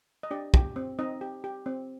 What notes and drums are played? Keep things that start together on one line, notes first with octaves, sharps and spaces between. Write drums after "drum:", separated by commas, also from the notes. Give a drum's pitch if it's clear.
D#5
D4 G4 D5
G4, drum: kick
C4
C4 D#4 D#5
G4
G4
C4